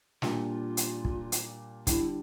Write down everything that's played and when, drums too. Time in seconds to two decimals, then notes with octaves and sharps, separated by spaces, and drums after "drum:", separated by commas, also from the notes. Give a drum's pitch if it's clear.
0.22 A#2 G3 D4 F4, drum: snare
0.77 drum: hi-hat
1.05 drum: kick
1.32 drum: hi-hat
1.87 D3 G3 D4 E4, drum: kick, hi-hat